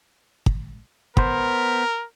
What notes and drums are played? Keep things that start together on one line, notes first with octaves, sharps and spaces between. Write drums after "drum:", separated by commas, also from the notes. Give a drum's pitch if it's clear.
drum: kick
B3 A#4 C5, drum: kick